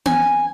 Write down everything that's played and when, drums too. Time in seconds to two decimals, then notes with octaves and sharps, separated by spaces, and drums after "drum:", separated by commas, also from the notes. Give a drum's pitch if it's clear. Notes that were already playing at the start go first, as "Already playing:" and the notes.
0.06 G#5, drum: tom B3